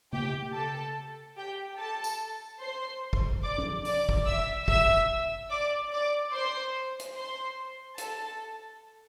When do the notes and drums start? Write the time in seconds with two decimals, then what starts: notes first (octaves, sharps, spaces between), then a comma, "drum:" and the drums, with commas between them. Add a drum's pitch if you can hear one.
0.13 G4 G5, drum: tom C#3
0.54 A4 A5
1.37 G4 G5
1.78 A4 A5
2.04 drum: tambourine
2.61 C5 C6
3.13 drum: kick
3.44 D5 D6
3.58 drum: tom
3.85 D5 D6, drum: open hi-hat
4.09 drum: kick
4.26 E5 E6
4.68 E5 E6, drum: kick
5.50 D5 D6
5.92 D5 D6
6.33 C5 C6
7.00 drum: hi-hat
7.15 C5 C6
7.98 A4 A5, drum: hi-hat